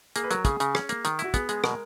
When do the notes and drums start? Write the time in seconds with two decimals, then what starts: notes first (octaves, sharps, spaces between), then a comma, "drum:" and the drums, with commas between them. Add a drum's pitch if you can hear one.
0.16 A#3 G#4, drum: hi-hat
0.24 B4
0.31 F#3 A#4, drum: hi-hat
0.45 C#3 G#4, drum: kick, hi-hat
0.60 C#3, drum: hi-hat
0.75 C#4, drum: rim click
0.89 A#3, drum: hi-hat
1.05 D#3, drum: hi-hat
1.19 E4, drum: hi-hat
1.24 F#4
1.34 B3 G#4, drum: kick, hi-hat
1.49 G#3 G#4, drum: hi-hat
1.64 B2 A#4, drum: rim click